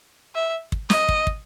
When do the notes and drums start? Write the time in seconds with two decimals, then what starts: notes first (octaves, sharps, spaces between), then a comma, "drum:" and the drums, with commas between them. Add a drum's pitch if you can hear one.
0.35 E5
0.72 drum: kick
0.90 D#5, drum: snare
1.09 drum: kick
1.27 drum: kick